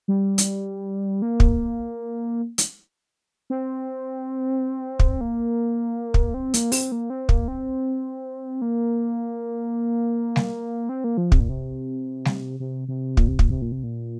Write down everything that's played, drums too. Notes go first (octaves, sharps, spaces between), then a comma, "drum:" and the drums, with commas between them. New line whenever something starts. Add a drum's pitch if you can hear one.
G3
drum: hi-hat
A#3
drum: kick
drum: hi-hat
C4
drum: kick
A#3
drum: kick
C4
A#3, drum: hi-hat
C4, drum: open hi-hat
A#3
C4
A#3, drum: kick
C4
A#3
drum: snare G3
C4
A#3
F3
C3, drum: kick
A#2
C3
drum: snare G3
C3
C3
A#2, drum: kick
C3
A#2, drum: kick
C3
A#2
C3
A#2